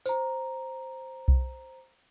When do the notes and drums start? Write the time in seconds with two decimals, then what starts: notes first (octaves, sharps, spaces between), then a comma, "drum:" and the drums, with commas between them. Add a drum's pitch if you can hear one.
0.06 C5 A#5, drum: tambourine
1.28 drum: kick B1